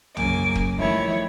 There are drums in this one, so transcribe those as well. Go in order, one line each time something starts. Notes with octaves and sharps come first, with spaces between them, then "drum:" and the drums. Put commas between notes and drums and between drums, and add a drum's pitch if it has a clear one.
F#2 C#3 A#3 G#5 D6, drum: tom B1
drum: kick
D#3 F3 G3 A3 E4 C#5